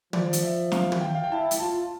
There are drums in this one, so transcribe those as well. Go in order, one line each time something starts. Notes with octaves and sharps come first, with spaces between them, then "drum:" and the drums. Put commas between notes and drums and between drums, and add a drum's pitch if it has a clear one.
F3 D5, drum: tom
drum: hi-hat
E5
F5, drum: snare
drum: tom
G5
F5
G5
E4 A5
drum: hi-hat
F4 A5